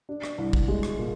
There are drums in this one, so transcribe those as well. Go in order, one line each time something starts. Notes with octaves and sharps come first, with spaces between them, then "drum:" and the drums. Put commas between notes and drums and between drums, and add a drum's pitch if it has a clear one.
D4
drum: rim click
C2
drum: kick
G#3
drum: rim click
A#2